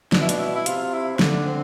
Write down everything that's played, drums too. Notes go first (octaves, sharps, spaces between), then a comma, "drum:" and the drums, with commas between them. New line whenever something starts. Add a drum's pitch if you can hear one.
B2 D4, drum: snare
E4
D4, drum: hi-hat
E4
E4
C3 F4, drum: hi-hat
E4
C4
D3 D4, drum: snare
C4